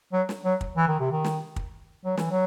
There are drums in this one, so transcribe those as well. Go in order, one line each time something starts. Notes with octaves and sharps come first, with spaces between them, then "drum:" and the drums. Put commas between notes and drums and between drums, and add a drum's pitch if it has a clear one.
F#3
drum: snare
F#3
drum: kick
E3
D#3
C3
D#3
drum: snare
drum: kick
F#3
E3, drum: snare
F#3